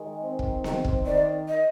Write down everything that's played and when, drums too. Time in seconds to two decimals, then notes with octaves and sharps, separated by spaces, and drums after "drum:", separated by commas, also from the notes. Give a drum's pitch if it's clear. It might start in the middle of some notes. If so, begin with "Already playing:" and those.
Already playing: D#3 G#3
0.22 C4
0.39 drum: kick
0.64 D#3, drum: snare B3
0.85 drum: kick
1.06 D#3 D5
1.48 D#5